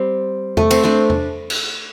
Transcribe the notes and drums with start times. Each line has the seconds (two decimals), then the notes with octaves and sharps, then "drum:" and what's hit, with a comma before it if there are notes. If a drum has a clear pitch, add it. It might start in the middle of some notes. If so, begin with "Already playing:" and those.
Already playing: G3 C4
0.57 A3, drum: tom E2
0.71 C4, drum: cymbal
0.84 A3 D4
1.10 drum: tom E2
1.50 drum: cymbal